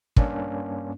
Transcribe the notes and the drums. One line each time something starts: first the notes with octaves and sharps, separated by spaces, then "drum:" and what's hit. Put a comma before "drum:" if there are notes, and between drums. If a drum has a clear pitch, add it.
G2 A#3 C#4 D4, drum: kick